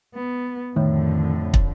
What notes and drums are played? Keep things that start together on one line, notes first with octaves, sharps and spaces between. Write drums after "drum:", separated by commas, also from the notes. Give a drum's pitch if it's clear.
B3
F2 A2 D3 D#3
drum: kick